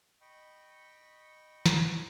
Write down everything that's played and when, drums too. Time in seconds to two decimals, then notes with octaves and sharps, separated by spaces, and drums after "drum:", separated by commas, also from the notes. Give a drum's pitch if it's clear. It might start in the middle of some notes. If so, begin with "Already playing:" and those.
0.21 D#5 G5 B5 C#6
1.66 drum: snare